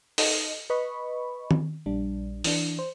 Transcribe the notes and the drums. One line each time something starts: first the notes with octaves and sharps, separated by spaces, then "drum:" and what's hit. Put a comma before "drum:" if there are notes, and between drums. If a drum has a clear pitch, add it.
D#4 A4 D#5, drum: open hi-hat
B4 D#5 B5 C#6
drum: tom D#3
A#1 G3 D4
E3 D4, drum: open hi-hat
C5